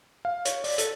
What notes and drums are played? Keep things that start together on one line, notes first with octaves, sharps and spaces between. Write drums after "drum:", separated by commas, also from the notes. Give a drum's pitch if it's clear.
F5
C#5, drum: hi-hat
D5, drum: open hi-hat
A4, drum: hi-hat